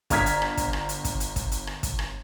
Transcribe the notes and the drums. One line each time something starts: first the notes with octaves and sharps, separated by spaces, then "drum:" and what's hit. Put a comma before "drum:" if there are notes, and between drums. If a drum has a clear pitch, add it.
G1 A#5 F6 G#6 B6, drum: kick, hi-hat
drum: hi-hat
drum: rim click
drum: kick, hi-hat
drum: rim click
drum: hi-hat
drum: kick, hi-hat
drum: hi-hat
drum: kick, hi-hat
drum: hi-hat
drum: rim click
drum: kick, hi-hat
drum: rim click